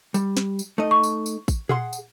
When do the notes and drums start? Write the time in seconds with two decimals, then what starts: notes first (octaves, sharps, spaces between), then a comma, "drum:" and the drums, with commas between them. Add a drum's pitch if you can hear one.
0.14 G3, drum: tambourine
0.37 drum: snare
0.59 drum: tambourine
0.78 A3 D#4 D#5
0.91 C#6
1.03 drum: tambourine
1.26 drum: tambourine
1.48 drum: kick, tambourine
1.69 G#4 F#5 C6, drum: tom A#2
1.93 drum: tambourine